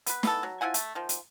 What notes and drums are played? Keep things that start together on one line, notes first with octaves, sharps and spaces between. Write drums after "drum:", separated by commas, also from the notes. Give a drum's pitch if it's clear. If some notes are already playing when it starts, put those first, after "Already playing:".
B3 B4, drum: hi-hat
E3 B3 A4, drum: snare
F#3
F3 E4 F#5 G#5
A3, drum: hi-hat
D#3 F3
drum: hi-hat